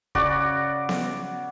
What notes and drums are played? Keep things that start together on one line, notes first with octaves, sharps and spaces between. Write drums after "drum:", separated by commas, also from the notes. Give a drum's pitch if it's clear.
C#3 F#4 D5, drum: kick
drum: snare B3